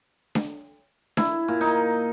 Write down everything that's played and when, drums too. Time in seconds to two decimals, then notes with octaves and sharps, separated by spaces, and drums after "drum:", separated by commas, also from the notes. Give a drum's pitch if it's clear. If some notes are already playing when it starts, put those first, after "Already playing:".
0.35 drum: snare D4
1.17 E4, drum: snare D4
1.48 A#2
1.61 D#4